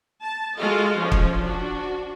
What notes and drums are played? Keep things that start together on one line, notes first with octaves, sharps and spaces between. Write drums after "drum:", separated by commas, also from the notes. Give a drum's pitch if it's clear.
A5
G#3 F4 F#4 A4 D#5 F5
F3 C#4
drum: kick
D4 F#4